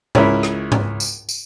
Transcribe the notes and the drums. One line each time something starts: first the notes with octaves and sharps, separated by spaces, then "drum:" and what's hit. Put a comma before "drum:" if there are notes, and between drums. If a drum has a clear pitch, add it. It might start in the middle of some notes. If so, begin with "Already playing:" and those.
C#2 C#4 E4 A#4 B5, drum: tom G#2
drum: rim click
drum: tom G#2
drum: tambourine
drum: tambourine